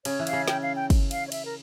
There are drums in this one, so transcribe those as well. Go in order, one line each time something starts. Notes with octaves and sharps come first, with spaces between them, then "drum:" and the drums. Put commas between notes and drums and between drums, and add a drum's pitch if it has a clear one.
C#3 C#5, drum: cymbal
E3
F5, drum: cymbal
C#3
G5, drum: snare
F5
G5
drum: kick, cymbal
F5, drum: cymbal
C#5
E5, drum: cymbal
A#4